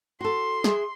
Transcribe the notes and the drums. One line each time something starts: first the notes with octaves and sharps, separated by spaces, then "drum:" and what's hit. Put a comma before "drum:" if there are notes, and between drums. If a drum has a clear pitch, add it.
F#4 A4 C6
G#4 E5, drum: snare